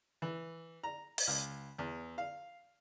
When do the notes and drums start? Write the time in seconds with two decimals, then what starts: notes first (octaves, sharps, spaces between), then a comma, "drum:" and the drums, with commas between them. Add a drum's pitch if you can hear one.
0.22 E3
0.83 A#5
1.18 drum: open hi-hat
1.27 C#2
1.78 E2
2.18 F5